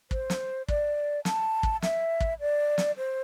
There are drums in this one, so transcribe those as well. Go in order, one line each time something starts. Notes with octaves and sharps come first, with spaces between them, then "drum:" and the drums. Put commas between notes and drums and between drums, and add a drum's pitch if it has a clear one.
C5, drum: kick
drum: snare
D5, drum: kick
A5, drum: snare
drum: kick
E5, drum: snare
drum: kick
D5
drum: snare
C5